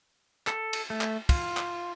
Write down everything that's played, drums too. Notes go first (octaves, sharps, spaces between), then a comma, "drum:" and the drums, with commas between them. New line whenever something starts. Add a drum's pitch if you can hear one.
A4, drum: clap
drum: cymbal
A3
drum: clap
F4, drum: kick, cymbal
drum: clap